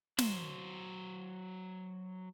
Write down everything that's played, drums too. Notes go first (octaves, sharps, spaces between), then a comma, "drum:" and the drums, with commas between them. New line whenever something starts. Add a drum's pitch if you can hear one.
F#3 C5, drum: snare